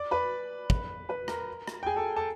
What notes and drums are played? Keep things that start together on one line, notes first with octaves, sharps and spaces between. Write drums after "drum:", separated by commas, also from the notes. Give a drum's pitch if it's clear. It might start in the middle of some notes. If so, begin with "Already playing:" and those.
Already playing: D5 D6
B4 B5
drum: kick
B4 B5
A#4 A#5, drum: rim click
drum: rim click
G5
G#4 G#5
A4 A5
A4 A5